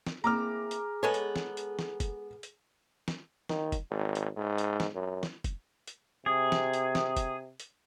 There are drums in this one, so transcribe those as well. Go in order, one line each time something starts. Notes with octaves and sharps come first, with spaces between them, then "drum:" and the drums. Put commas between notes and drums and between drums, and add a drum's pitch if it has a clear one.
drum: snare
A#3 C4 E4 G#4 A#5 D6 F6
drum: hi-hat
G#3 B3 A4 C#5
drum: hi-hat
drum: snare
drum: hi-hat
drum: snare
drum: kick, hi-hat
drum: hi-hat
drum: snare
D#3, drum: snare
drum: kick, hi-hat
G#1
drum: hi-hat
G#2
drum: hi-hat
drum: snare
F#2
drum: snare
drum: kick, hi-hat
drum: hi-hat
C3 G#4
drum: snare
drum: hi-hat
drum: snare
drum: kick, hi-hat
drum: hi-hat